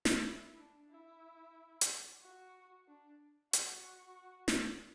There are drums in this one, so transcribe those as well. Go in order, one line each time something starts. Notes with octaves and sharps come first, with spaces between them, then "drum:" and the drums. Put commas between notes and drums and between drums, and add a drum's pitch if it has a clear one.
drum: snare
E4
D4
E4
drum: hi-hat
F#4
D4
F#4, drum: hi-hat
drum: snare